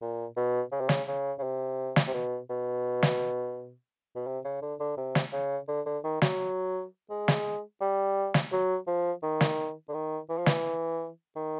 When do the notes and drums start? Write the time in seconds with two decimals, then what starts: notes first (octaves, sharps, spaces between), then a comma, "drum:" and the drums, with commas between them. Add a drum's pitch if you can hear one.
0.01 A#2
0.37 B2
0.72 C#3
0.80 C3
0.89 C#3, drum: snare
1.08 C#3
1.38 C#3
1.43 C3
1.96 drum: snare
2.07 C3
2.14 B2
2.50 B2
3.02 drum: snare
4.15 B2
4.27 C3
4.44 C#3
4.62 D3
4.80 D3
4.97 C3
5.15 drum: snare
5.33 C#3
5.68 D3
5.86 D3
6.04 D#3
6.22 F#3, drum: snare
7.10 G#3
7.28 drum: snare
7.81 G3
8.34 drum: snare
8.52 F#3
8.87 F3
9.23 D#3
9.41 drum: snare
9.88 D3
9.94 D#3
10.29 E3
10.38 F3
10.46 E3, drum: snare
11.36 D#3